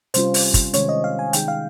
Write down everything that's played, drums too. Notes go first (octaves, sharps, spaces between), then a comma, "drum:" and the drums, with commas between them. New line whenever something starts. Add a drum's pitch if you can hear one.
C3 G3 C#4 F4 C5, drum: hi-hat
drum: open hi-hat
drum: kick, hi-hat
C3 D#3 G#3 C#4 C#5, drum: hi-hat
D#5
F5
G#5
D#3 G#3 D#4 G#4 G5, drum: hi-hat
F5